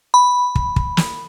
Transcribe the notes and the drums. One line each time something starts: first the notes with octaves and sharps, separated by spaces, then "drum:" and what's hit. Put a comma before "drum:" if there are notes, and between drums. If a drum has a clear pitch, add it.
B5
drum: kick
drum: kick
drum: snare